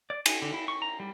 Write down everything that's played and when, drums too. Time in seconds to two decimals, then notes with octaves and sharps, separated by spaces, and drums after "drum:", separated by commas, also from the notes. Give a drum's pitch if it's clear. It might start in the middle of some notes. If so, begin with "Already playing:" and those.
0.10 D5
0.26 G#5, drum: cymbal
0.42 D3
0.54 E4
0.68 C#6
0.82 A#5
1.00 G3